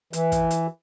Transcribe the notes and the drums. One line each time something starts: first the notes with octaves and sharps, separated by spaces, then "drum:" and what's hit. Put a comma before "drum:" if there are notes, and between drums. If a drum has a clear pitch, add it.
E3, drum: hi-hat
drum: kick, hi-hat
drum: hi-hat